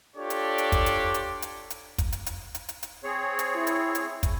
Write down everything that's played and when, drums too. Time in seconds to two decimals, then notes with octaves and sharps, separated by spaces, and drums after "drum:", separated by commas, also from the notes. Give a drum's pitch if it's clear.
0.16 D4 F4 G4 A4 C#5 D5
0.30 drum: hi-hat
0.58 drum: hi-hat
0.72 drum: kick, hi-hat
0.86 drum: hi-hat
1.14 drum: hi-hat
1.42 drum: hi-hat
1.70 drum: hi-hat
1.98 drum: kick, hi-hat
2.12 drum: hi-hat
2.26 drum: hi-hat
2.55 drum: hi-hat
2.69 drum: hi-hat
2.83 drum: hi-hat
3.04 C4 G#4 C#5
3.39 drum: hi-hat
3.55 E4
3.67 drum: hi-hat
3.95 drum: hi-hat
4.23 drum: kick, hi-hat